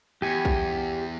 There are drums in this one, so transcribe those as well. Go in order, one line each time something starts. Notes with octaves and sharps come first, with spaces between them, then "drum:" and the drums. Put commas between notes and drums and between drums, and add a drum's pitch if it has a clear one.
E2 G4 G#5
drum: kick A#1